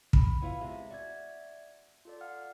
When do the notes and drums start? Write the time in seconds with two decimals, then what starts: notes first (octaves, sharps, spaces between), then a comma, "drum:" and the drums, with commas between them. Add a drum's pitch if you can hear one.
0.13 B5, drum: kick
0.41 B3 E4 F4
0.61 C3 G#3 E5
0.90 F#4 D5 E5 G#6
2.05 F4 A4 D5
2.21 F5 F#5 F6